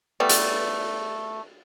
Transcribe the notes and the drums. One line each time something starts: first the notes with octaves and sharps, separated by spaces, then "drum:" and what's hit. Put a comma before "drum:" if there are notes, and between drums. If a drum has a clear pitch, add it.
E3 G3 A3 B3
drum: hi-hat